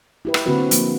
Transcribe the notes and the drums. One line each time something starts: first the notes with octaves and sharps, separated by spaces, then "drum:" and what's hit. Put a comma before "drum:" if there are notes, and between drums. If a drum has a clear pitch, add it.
E4 G4 B4
drum: rim click
D3 A#3 C4 F#4 B4
F3 A#3, drum: hi-hat